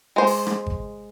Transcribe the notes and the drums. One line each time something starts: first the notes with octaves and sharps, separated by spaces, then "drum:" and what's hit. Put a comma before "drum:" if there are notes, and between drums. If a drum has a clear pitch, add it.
G#3 C5
drum: open hi-hat
drum: rim click
drum: kick G#1